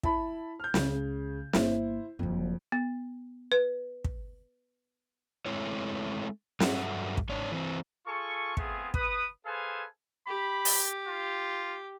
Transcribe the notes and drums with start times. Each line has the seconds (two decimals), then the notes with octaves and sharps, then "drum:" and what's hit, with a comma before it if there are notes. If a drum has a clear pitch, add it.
0.03 E4 A5 B5, drum: kick
0.59 F6 G6
0.74 C#2 C#3, drum: snare
1.53 G1 A#3 E4 C5, drum: snare
2.19 F#1 F2 D3
2.72 B3
3.52 B4
4.05 drum: kick
5.46 G#3 A3 C4 E4 C#5
6.60 G2 F#3 G3 A4 E5 F#5, drum: snare
7.17 drum: kick
7.29 G#2 D4 C#5
7.52 E3 C4
8.07 F4 G#4 A4 C#6
8.57 A3 B3 C4 F4 G#4, drum: kick
8.94 B4 D#6, drum: kick
9.45 G#4 A4 B4 C5 F5 G#5
10.27 G4 B5
10.65 drum: open hi-hat
11.08 F4